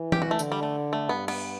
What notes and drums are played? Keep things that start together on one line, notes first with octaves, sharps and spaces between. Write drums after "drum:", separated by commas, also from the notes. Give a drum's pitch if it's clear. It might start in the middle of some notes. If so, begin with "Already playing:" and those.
Already playing: E3
G4, drum: tom E3
F#4
A3
D3, drum: tambourine
G3
A3
A3
G2 B3
B3, drum: cymbal